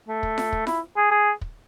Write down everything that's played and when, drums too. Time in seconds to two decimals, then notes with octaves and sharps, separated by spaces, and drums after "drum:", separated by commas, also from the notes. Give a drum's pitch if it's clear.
0.09 A3
0.23 drum: kick
0.38 drum: snare F4
0.52 drum: kick
0.67 E4, drum: snare F4
0.97 G#4
1.11 G#4
1.41 drum: kick